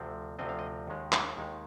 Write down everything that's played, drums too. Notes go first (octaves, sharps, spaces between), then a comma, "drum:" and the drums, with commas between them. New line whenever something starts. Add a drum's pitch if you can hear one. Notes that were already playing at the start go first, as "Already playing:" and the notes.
Already playing: D2 C3 F3 C4
D2 C3 F3 C4 D#5
F5
D#5
D#2 D#3 G#3
drum: clap
D#2 D#3 G#3